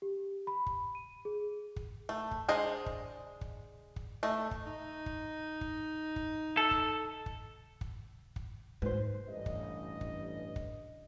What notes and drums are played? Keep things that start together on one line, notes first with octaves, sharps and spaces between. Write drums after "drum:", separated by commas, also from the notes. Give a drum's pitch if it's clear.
G4
B5
drum: kick
D#7
G#4
drum: kick
A3
drum: kick
G#3 D4 G#4 C5 D#5
drum: kick
drum: kick
drum: kick
A3 D#5
drum: kick
D#4
drum: kick
drum: kick
drum: kick
A4
drum: kick
drum: kick
drum: kick
drum: kick
G#2 B4 C5
A1 G2 D#5
drum: kick
drum: kick
drum: kick